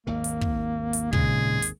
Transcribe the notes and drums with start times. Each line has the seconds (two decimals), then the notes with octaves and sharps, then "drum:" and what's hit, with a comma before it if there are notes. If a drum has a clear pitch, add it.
0.07 G#1 D#2 D#3 A#3
0.24 drum: hi-hat
0.41 drum: kick
0.93 drum: hi-hat
1.13 A#2 C#3 G#3 G#4, drum: kick
1.62 drum: hi-hat